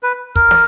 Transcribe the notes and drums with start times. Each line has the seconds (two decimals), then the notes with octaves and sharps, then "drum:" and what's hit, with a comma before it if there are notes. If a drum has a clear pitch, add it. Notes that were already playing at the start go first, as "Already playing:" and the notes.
0.03 B4
0.36 A#4, drum: kick
0.51 drum: snare